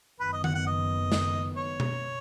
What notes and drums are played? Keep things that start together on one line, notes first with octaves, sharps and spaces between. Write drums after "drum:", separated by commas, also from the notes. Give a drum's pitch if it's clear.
F#1 F#2 D#3 B3 B4
D#5
F#5, drum: tom D#3
F#5
D#5
drum: snare
C#5
drum: tom B2